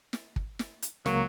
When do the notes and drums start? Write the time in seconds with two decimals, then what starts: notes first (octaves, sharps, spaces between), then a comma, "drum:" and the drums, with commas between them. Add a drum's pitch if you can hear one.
0.13 drum: snare
0.36 drum: kick
0.59 drum: snare
0.82 drum: hi-hat
1.06 C#2 F#3 A#3 C#6, drum: snare